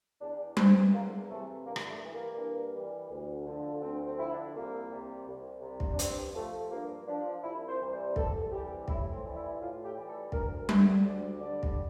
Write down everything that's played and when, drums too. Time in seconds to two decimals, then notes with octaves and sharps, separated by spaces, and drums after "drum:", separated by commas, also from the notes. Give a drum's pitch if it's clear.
0.21 E2 D4
0.57 C3 E3 C4, drum: tom G3
0.93 E2 A#3
1.29 C3 E3 A3
1.65 G2 A#3
1.76 drum: rim click
1.89 A3
2.02 E3 G3
2.14 A#3
2.37 G2
2.73 E3 G3
3.10 D2
3.46 D3 F3
3.82 D2 C4
4.06 C4
4.18 D3 F3 E4
4.30 D4
4.54 C2 A#3
4.90 C3 G3
5.27 C2
5.62 C3 G3
5.80 drum: kick
5.93 D4
5.99 G2 C4, drum: hi-hat
6.35 F3 A3
6.71 G2 A#3
7.07 F3 D4
7.44 C2 E4
7.68 C5
7.80 C3 E3 G3
7.92 C5
8.16 C2 A4, drum: kick
8.51 C3 E3 G3 G4
8.88 A2 E4, drum: kick
9.12 C4
9.24 E3 G3
9.36 E4
9.60 A2 F4
9.84 G4
9.96 E3 G3
10.09 A4
10.32 D2 A#4, drum: kick
10.69 D3 G3 E5, drum: tom G3
11.05 D2 D5
11.41 D3 G3 D5
11.63 drum: kick